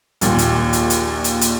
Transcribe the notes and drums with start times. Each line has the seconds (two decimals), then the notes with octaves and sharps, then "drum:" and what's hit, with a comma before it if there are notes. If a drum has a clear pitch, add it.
0.21 A#1 D#2 A#2, drum: hi-hat
0.38 drum: hi-hat
0.73 drum: hi-hat
0.90 drum: hi-hat
1.24 drum: hi-hat
1.41 drum: hi-hat